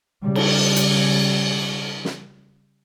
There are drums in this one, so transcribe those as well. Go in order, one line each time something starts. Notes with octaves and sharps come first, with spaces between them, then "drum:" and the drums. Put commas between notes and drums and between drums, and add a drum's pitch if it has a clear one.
C#3 G3
drum: cymbal
drum: hi-hat
drum: snare